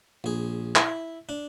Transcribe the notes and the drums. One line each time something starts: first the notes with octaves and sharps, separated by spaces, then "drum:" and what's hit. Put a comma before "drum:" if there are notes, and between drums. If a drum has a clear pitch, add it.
A#1 G#4
E4, drum: clap
D4